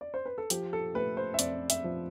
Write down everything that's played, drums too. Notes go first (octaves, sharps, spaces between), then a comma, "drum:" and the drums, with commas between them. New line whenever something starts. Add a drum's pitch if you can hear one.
D5
C5
B4
A4
F3 G4, drum: hi-hat
A4
A3 B4
C5
E5
F2 D5, drum: hi-hat
E5, drum: hi-hat
F3